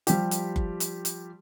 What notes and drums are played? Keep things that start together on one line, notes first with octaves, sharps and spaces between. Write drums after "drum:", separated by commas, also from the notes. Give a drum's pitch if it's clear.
F3 G3 G4, drum: hi-hat
drum: hi-hat
drum: kick F#1
drum: hi-hat
drum: hi-hat